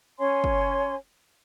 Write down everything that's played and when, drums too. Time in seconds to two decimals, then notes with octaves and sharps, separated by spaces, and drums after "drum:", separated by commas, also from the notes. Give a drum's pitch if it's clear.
0.19 C#4 C#5 G#5 C6
0.44 drum: kick